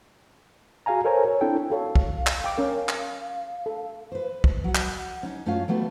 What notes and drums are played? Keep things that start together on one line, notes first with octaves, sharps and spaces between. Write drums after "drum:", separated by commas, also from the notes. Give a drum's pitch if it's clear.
F#4 G#4 F5 G#5 A#5
A4 A#4 C5 C#5 G#5 A#5
C#5
C4 D4 E4 A4 G5
F#4 A4 C#5 F5
drum: kick
drum: clap
G5 D6
C#4 A#4
drum: clap
A4
B4 C5
drum: kick
F#3 F#5
drum: clap
C#4 D#4
F#2 A3 C#4 F4 C#5 F5
F#3 G3 A3 B3